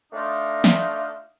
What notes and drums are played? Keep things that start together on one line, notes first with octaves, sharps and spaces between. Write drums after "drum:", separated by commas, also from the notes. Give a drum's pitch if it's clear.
A3 D4 D#4 F4
drum: snare